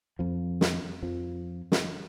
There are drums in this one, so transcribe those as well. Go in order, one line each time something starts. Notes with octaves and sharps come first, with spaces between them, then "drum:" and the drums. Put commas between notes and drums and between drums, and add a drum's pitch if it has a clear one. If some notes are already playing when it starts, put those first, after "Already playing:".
F2 F3
drum: snare
F2 F3
drum: snare